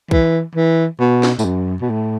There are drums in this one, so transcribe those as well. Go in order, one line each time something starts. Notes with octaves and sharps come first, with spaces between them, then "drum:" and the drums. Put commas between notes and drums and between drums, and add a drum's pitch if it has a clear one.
E3, drum: kick B1
E3
B2
drum: snare
A2, drum: tambourine
F#2
B2
A2